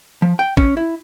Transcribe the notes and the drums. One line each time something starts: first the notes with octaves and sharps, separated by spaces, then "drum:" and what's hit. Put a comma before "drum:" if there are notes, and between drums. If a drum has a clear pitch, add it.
F3
G5
C#4, drum: kick
E4